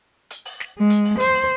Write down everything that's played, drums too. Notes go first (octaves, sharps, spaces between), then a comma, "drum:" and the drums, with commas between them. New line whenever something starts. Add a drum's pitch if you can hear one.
drum: hi-hat
drum: open hi-hat
drum: snare
G#3
drum: hi-hat
drum: open hi-hat
C5, drum: hi-hat
drum: open hi-hat